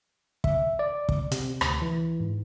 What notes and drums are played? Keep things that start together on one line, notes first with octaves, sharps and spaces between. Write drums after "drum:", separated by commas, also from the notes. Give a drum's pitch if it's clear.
E5, drum: kick
D5
drum: kick
C3, drum: hi-hat
D2, drum: rim click
E3
G#2